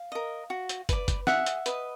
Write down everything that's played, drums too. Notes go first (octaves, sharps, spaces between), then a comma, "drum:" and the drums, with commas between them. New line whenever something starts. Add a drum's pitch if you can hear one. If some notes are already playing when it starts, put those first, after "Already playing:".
Already playing: F5
A#4 D#5
F#4
drum: hi-hat
B4 D5, drum: kick, hi-hat
drum: kick, hi-hat
G#4 E5 F#5, drum: snare
drum: hi-hat
B4 D#5, drum: hi-hat